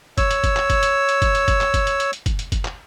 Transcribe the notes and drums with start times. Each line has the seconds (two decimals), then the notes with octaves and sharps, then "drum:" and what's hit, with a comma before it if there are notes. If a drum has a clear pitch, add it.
0.18 C#5 E6, drum: kick, hi-hat
0.31 drum: hi-hat
0.44 drum: kick, hi-hat
0.57 drum: clap
0.70 drum: kick, hi-hat
0.83 drum: hi-hat
1.09 drum: hi-hat
1.22 drum: kick, hi-hat
1.35 drum: hi-hat
1.48 drum: kick, hi-hat
1.61 drum: clap
1.74 drum: kick, hi-hat
1.87 drum: hi-hat
2.00 drum: hi-hat
2.13 drum: hi-hat
2.26 drum: kick, hi-hat
2.39 drum: hi-hat
2.52 drum: kick, hi-hat
2.65 drum: clap